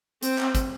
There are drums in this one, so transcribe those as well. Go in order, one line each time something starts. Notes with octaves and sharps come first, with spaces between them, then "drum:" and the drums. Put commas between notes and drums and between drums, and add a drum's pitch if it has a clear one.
C4, drum: hi-hat
drum: clap
drum: kick, hi-hat